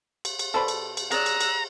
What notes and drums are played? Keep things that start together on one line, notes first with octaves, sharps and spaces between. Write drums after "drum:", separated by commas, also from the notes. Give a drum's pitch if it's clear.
drum: cymbal
drum: cymbal
B2 A4 C5 D5 A5 B5
drum: cymbal
drum: cymbal
G#4 C#5 D5 A#5 E6 F#6, drum: cymbal
drum: cymbal
drum: cymbal